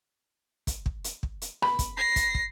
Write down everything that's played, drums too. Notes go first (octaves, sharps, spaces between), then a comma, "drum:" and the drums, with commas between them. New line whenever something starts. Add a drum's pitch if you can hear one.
drum: kick, hi-hat
drum: kick
drum: hi-hat
drum: kick
drum: hi-hat
B5, drum: rim click
drum: kick, hi-hat
A#6 C7
drum: kick, hi-hat
drum: kick